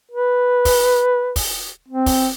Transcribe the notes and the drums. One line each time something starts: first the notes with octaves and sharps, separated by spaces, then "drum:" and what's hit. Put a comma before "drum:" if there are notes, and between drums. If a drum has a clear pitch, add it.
B4
drum: kick, open hi-hat
drum: kick, open hi-hat
C4
drum: kick, open hi-hat